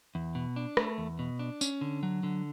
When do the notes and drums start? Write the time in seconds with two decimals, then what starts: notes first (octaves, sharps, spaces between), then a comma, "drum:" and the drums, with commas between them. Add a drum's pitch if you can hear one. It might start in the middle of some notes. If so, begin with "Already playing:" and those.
0.15 E2
0.35 B2
0.56 D4
0.77 A3, drum: rim click
0.98 E2
1.19 B2
1.39 D4
1.61 C#4, drum: tambourine
1.81 D3
2.03 F#3
2.23 D3